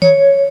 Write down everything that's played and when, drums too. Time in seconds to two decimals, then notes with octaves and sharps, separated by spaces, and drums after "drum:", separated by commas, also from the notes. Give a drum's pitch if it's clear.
0.02 C#5, drum: tom D#3